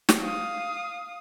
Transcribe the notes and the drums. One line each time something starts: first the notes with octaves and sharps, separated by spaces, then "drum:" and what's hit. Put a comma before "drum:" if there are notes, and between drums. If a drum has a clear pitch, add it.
drum: snare
F5 D#6